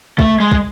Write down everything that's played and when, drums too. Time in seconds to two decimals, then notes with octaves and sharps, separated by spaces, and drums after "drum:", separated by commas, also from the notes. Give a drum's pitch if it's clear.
0.19 A3, drum: kick
0.40 G#3
0.52 drum: kick